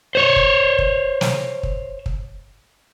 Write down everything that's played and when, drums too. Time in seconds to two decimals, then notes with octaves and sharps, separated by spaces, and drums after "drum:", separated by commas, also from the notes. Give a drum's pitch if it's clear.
0.15 C5 C#5
0.36 drum: kick
0.79 drum: kick
1.21 drum: snare
1.63 drum: kick
2.06 drum: kick